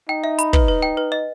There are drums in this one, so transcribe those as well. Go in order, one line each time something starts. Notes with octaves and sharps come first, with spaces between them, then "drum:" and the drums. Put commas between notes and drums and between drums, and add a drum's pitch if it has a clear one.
D#4 G5
E5
B5, drum: hi-hat
B4, drum: kick
B4
G5
B4
D#5